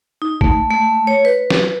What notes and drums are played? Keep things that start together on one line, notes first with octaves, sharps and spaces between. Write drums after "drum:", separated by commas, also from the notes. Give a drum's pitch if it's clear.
D#4
A3, drum: kick
A3
C#5
B4
drum: snare